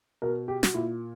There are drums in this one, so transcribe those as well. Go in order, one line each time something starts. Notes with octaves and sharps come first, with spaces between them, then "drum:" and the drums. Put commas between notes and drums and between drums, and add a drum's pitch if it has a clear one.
B2 A#4
G4
F#4, drum: snare
A#2 E4